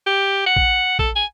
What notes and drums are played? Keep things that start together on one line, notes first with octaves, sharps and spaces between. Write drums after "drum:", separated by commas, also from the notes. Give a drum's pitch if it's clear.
G4
F#5
drum: kick A#1
A4, drum: kick A#1
G#5